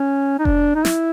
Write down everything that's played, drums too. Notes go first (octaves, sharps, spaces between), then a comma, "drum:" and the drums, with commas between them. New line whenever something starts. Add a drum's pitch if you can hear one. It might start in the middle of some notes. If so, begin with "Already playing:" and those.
Already playing: C#4
D#4
D4, drum: kick F1
D#4
E4, drum: snare